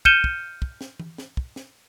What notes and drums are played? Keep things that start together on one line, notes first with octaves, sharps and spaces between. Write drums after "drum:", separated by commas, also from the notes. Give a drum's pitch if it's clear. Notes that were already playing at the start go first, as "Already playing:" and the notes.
F6 G6 C#7 D#7 E7 G7, drum: kick
drum: kick
drum: kick
drum: snare
drum: tom
drum: snare
drum: kick
drum: snare